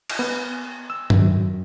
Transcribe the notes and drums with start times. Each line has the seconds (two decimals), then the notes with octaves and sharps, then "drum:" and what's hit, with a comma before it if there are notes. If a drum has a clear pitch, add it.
0.10 drum: cymbal
0.19 B3
0.90 E6
1.10 F#2, drum: tom